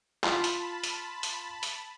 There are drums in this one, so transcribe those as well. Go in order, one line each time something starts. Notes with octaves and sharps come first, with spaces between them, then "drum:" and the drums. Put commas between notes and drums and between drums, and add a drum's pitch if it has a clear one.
F4 A5 B5, drum: clap
drum: hi-hat
drum: hi-hat
drum: hi-hat
drum: hi-hat